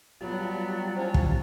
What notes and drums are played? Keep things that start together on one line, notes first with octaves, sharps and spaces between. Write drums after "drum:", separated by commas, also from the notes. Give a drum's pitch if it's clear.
F#3 G3 B3 F4 G4 A5
C#4 E4 C5
drum: kick